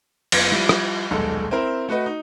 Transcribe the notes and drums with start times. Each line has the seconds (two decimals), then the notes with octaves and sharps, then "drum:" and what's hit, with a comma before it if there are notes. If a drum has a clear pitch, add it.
0.32 F#1 B3 F4 G#6, drum: cymbal
0.51 F3 G3 E4
0.69 drum: rim click
1.11 D#1 B1 G#3 A4
1.51 C4 E4 A#4 C5
1.89 A3 F#4 B4 D#5
2.06 D#4